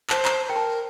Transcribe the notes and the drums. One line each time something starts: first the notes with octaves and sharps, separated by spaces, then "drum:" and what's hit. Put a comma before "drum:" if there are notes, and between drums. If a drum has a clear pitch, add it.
C5 A5, drum: clap
A#5, drum: clap
A5
C5
A#4 G5
A5